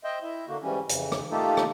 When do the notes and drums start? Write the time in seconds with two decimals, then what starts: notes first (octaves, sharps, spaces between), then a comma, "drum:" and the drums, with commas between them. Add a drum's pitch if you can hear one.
0.04 C5 D#5 E5 G5
0.23 E4 E5
0.48 D3 A#3 F#4
0.63 G#2 E3 G3 C#4
0.89 F2 C#3 E3, drum: hi-hat
1.12 drum: rim click
1.31 A3 A#3 D#4 F4 G4 A4
1.57 drum: rim click